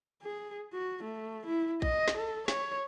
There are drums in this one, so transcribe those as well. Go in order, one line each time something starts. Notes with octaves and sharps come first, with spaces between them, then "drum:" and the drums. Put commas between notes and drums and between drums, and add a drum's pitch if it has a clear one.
G#4
F#4
A3
E4
D#5, drum: kick A#1
drum: snare
A4
C#5, drum: snare